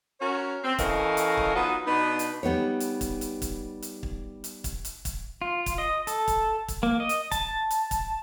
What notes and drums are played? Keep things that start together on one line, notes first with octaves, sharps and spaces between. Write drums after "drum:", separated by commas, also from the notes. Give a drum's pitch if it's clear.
C#4 F#4 A#4 C#5
C4
E3 A3 C#4 A#4 D#5 F5, drum: kick, hi-hat
drum: hi-hat
drum: kick
F#3 B3 D#4 F4 F#4
B2 B3 D4 D#4
drum: hi-hat
G3 B3 D#4 C#5
drum: hi-hat
drum: kick, hi-hat
drum: hi-hat
drum: kick, hi-hat
drum: hi-hat
drum: kick
drum: hi-hat
drum: kick, hi-hat
drum: hi-hat
drum: kick, hi-hat
F4
drum: kick, hi-hat
D#5
A4, drum: hi-hat
drum: kick, hi-hat
drum: kick, hi-hat
A#3
D#5
drum: hi-hat
A5, drum: kick, hi-hat
drum: hi-hat
drum: kick, hi-hat